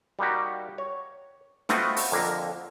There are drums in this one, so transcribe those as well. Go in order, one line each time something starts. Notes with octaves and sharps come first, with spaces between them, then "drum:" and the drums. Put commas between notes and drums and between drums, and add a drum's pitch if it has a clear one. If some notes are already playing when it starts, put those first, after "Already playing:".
G3 A#3 D#4 F#4 G4
C#5
A3 B3 C4 F4 F#4 D#5, drum: snare
drum: open hi-hat
F2 D3 A#3 A#5